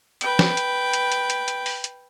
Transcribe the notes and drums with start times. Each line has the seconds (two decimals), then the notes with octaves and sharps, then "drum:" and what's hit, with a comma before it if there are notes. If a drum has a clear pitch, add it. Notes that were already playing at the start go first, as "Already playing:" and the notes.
0.21 B4 G5, drum: hi-hat
0.39 drum: snare
0.57 drum: hi-hat
0.93 drum: hi-hat
1.12 drum: hi-hat
1.30 drum: hi-hat
1.48 drum: hi-hat
1.66 drum: open hi-hat
1.84 drum: hi-hat